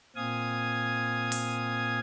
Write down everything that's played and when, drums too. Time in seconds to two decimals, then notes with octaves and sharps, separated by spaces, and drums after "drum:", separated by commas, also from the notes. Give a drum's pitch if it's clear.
0.16 A#2 C4 F5 G#5 D#6 G#6
1.32 drum: open hi-hat